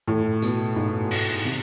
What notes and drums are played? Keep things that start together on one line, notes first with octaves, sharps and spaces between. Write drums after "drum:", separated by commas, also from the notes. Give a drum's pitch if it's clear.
A2
B2, drum: tambourine
G#2
A2, drum: open hi-hat
C3